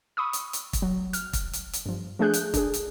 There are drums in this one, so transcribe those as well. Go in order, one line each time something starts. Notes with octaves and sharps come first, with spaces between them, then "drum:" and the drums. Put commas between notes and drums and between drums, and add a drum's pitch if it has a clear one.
B5 C#6 D#6 E6
drum: hi-hat
drum: hi-hat
drum: kick, hi-hat
F#3
F6, drum: hi-hat
drum: kick, hi-hat
drum: hi-hat
drum: hi-hat
G2 F3
F3 A3 D4 G#4 F#6 G6
drum: hi-hat
D4 G#4, drum: kick, hi-hat
drum: hi-hat